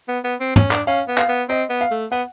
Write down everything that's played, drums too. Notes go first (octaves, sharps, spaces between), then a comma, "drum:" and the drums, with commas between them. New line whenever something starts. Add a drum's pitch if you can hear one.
B3
B3
C4
C#4, drum: tom
D4, drum: clap
C#4 F5
B3
F5, drum: clap
B3
C4 D#5
B3
F5
A3
B3 F#5